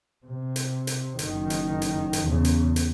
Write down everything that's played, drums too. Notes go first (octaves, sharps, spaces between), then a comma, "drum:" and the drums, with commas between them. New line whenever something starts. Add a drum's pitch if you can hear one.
C3
drum: hi-hat
drum: hi-hat
F#1 D#3, drum: hi-hat
drum: hi-hat
drum: hi-hat
drum: hi-hat
E2 C#3
drum: hi-hat
drum: hi-hat